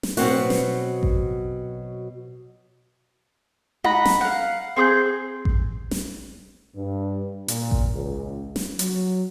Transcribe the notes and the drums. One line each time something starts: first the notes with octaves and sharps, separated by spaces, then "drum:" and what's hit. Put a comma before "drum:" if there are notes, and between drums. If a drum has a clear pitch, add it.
drum: snare
B2 F#3 C4 F#4, drum: open hi-hat
drum: snare
drum: kick A1
D#5 F#5 A#5 B5, drum: tom D#4
drum: snare
F5 F#5
C4 G#4 D#6 G6
drum: kick A1
drum: snare
G2
A#2, drum: hi-hat
drum: kick A1
C#2
drum: snare
F#3, drum: hi-hat